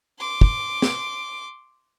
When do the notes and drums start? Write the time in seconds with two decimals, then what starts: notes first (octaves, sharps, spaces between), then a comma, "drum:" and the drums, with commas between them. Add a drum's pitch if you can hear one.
0.19 C6 D6
0.41 drum: kick
0.82 drum: snare